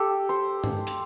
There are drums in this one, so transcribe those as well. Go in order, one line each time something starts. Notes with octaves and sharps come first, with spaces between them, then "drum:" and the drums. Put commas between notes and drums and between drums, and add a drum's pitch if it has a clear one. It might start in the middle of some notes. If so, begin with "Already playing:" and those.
Already playing: G4 A4
C5
drum: tom
drum: open hi-hat